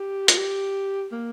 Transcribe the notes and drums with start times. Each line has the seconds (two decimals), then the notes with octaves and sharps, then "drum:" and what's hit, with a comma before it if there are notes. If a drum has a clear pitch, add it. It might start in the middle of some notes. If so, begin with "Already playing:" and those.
Already playing: G4
0.28 F4, drum: hi-hat
0.37 G4
1.12 A#3